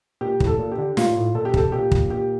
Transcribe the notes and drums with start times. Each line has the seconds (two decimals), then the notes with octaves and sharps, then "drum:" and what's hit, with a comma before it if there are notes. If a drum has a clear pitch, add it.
0.21 A#2 G4
0.40 A2, drum: kick
0.47 A4
0.59 A#2
0.72 G4
0.78 D3
0.97 A#2 F4, drum: snare
1.11 A#2
1.16 A2
1.35 A#2 A4
1.45 G4
1.54 C3 A4, drum: kick
1.72 A#2 G4
1.91 drum: kick
2.10 G4